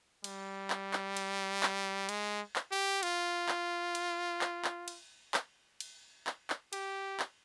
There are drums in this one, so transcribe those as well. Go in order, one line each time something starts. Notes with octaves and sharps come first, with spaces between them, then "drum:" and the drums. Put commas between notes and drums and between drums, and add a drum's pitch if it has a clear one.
G3, drum: cymbal
drum: clap
drum: clap
drum: cymbal
drum: clap
G#3, drum: cymbal
drum: clap
G4
F4, drum: cymbal
drum: clap
drum: cymbal
drum: clap
drum: clap
drum: cymbal
drum: clap
drum: cymbal
drum: clap
drum: clap
G4, drum: cymbal
drum: clap